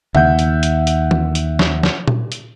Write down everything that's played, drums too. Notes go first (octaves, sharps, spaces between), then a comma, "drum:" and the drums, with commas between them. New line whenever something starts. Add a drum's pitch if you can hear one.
D#2 E5 F#5 G6, drum: tom C#3
drum: hi-hat
drum: hi-hat
drum: hi-hat
drum: tom
drum: hi-hat
drum: snare
drum: snare
drum: tom A#2
drum: hi-hat